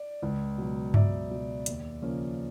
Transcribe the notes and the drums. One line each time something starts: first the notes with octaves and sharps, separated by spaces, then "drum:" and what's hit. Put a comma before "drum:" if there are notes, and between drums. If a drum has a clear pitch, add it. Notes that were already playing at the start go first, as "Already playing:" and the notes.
Already playing: D5
C#2
B2 F#3
C#2 D5 E5, drum: tom G2
B2 F#3
D#2, drum: hi-hat
C#3 F3 A#3 C#4